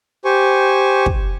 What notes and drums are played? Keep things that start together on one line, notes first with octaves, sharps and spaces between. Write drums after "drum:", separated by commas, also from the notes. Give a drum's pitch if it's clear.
G4 C5 G#5 C#6
drum: kick